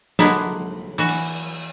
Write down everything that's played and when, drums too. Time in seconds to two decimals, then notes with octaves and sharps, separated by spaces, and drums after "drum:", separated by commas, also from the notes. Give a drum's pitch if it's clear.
0.19 D3 G#3 A#3 B3 D4 E4, drum: snare
0.98 E3 F#4
1.09 drum: cymbal